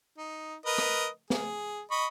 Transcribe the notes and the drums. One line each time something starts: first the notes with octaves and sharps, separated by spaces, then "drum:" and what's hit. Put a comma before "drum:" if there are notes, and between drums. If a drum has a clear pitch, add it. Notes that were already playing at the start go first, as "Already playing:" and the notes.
D#4
A#4 B4 D#5
drum: rim click
G#4, drum: snare
D#5 B5 C#6